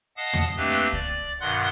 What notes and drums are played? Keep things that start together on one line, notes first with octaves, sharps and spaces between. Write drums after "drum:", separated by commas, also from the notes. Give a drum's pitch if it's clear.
D#5 F5 F#5 A5 D#6
drum: tom
A3 A#3 C4 D4 G4 B4
D5, drum: kick
G2 B2 D#3 F#5 C6 F#6